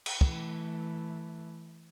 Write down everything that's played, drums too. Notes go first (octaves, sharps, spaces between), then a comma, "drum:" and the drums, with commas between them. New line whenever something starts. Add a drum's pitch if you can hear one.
drum: cymbal
E3 A3, drum: kick